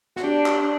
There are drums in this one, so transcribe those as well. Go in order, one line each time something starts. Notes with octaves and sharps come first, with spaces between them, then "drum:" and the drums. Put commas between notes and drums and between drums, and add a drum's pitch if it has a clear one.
F#4, drum: snare
D4 G4
drum: clap